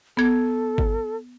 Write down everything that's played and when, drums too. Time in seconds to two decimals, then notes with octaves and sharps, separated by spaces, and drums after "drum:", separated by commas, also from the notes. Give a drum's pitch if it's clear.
0.17 B3 A4 G#6
0.78 drum: kick G#1